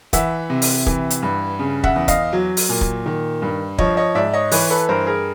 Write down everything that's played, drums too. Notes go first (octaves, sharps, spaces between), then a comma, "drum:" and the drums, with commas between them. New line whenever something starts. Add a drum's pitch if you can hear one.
E3 E5 F#5, drum: kick, hi-hat
C3
drum: open hi-hat
E3, drum: kick
drum: hi-hat
G2
C#3
E5 F#5, drum: kick
E2
D#5 F5, drum: kick, hi-hat
F#3
drum: open hi-hat
A#2
drum: kick
D#3
G2
F3 C#5 D#5, drum: kick
C#5 D#5
G#2 D5 E5
C#5 D#5
E3 B4 C#5, drum: open hi-hat
A4 B4
G2 A#4 C5
G#4 A#4